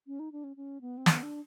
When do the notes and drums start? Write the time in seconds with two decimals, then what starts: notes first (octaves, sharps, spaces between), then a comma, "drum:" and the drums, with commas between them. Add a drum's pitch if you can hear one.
0.07 C#4
0.19 D#4
0.32 D4
0.44 C#4
0.57 C#4
0.81 B3
0.97 C4
1.06 B3, drum: snare
1.23 D4